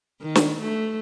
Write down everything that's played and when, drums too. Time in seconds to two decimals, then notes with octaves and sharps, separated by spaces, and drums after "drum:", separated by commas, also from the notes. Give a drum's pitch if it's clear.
0.22 D#3
0.35 drum: snare
0.60 A3